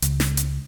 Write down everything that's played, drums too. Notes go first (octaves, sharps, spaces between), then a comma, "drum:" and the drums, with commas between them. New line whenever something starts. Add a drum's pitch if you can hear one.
C#2, drum: hi-hat
drum: snare
drum: hi-hat